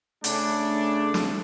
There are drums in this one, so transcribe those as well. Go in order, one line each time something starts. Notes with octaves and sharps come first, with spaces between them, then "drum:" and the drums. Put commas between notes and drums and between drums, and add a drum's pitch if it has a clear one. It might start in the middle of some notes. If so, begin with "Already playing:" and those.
C#3 A3 D4, drum: hi-hat
drum: snare